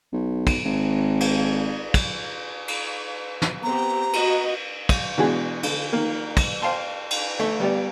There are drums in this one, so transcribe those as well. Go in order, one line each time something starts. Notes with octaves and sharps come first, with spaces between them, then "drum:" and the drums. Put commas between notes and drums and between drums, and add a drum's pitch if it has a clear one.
B1
drum: kick, cymbal
G#1
drum: cymbal
drum: kick, cymbal
drum: cymbal
drum: snare
B3 C4 G4 A#5
F#4 B4 D#5, drum: cymbal
drum: kick, cymbal
B2 E3 G#3 D4 F#4 G#4
D3, drum: cymbal
D#3 A#3
drum: kick, cymbal
C5 F5 G5 A5 C6
drum: cymbal
A3
G3 B3 G4 D5